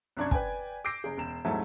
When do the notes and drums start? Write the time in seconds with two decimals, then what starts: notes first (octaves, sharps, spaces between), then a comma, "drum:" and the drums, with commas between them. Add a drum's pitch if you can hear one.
0.17 C2 F#2 D4 C#6 G#6
0.31 B4 D5 G5 G#5, drum: kick
0.85 D6 E6 G6 A#6 C7 D7
1.04 F#1 G#4
1.17 E1 E7
1.45 D#1 G#2 F#3 A3 E4 A5